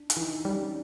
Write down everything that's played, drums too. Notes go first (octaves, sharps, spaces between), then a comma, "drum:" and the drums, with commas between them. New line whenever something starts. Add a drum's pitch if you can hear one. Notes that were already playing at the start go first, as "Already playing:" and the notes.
Already playing: D4
D#4, drum: hi-hat
E3
D#4
E4
G3
C#4